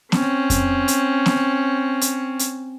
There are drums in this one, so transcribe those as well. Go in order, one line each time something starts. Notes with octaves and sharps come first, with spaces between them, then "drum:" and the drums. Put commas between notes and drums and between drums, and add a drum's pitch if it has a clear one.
C4 C#4, drum: snare B3
drum: kick F2, hi-hat
drum: hi-hat
drum: snare B3
drum: hi-hat
drum: hi-hat